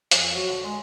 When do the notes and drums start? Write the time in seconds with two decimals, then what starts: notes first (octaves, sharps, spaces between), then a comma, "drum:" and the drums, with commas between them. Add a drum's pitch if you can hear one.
0.11 F2, drum: hi-hat
0.35 F#3
0.49 D3
0.64 G#3